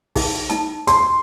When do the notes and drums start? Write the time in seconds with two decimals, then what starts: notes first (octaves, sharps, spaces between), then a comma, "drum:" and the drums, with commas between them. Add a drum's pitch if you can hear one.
0.15 D#4 G#4, drum: kick, open hi-hat
0.50 D#4 A5, drum: hi-hat
0.87 C6, drum: hi-hat